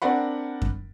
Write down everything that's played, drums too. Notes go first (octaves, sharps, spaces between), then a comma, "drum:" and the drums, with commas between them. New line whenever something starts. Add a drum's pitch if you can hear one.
C4 D4 A#4 D5 F#5 B5
drum: kick F#2